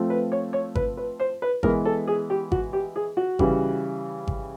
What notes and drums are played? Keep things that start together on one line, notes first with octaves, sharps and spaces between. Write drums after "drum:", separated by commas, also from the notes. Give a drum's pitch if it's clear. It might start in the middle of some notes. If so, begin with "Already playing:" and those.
Already playing: F3 A3 C4
B4
C#5
C#5
B4, drum: kick G#1
B4
C5
B4
E3 G#3 B3 A#4, drum: kick G#1
A4
G#4
G4
F#4, drum: kick G#1
G4
G#4
F#4
C#3 E3 G3, drum: kick G#1
drum: kick G#1